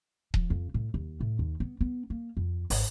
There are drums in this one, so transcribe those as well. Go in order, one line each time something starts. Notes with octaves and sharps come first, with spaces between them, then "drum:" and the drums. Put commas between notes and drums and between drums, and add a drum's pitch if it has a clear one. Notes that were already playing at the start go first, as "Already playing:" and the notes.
F3, drum: kick D#1
F2
A2
D#2
A2
D#2
B3
B3
A#3
F2
G#1, drum: open hi-hat